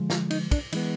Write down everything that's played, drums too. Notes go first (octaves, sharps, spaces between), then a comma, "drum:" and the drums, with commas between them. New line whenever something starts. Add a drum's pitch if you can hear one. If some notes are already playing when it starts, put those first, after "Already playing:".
Already playing: D3 F3 G#3
F4, drum: snare
D#4, drum: cymbal
D4, drum: kick, cymbal
E3 G#3 B3 D#4, drum: cymbal